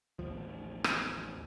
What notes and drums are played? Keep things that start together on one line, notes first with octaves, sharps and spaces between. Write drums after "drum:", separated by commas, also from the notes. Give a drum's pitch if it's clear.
A1 D#2 F3
drum: rim click